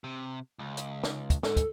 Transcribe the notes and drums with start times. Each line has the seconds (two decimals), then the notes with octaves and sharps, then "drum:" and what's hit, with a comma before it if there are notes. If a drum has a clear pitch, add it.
0.04 C3
0.59 C#2
0.77 drum: hi-hat
1.04 drum: snare
1.30 drum: kick, hi-hat
1.43 G#2 A4, drum: snare
1.57 drum: kick, hi-hat